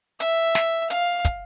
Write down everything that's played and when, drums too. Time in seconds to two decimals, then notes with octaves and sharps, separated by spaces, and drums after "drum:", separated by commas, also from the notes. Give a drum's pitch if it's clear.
0.20 E5, drum: hi-hat
0.55 drum: snare
0.90 F5, drum: hi-hat
1.25 drum: kick, hi-hat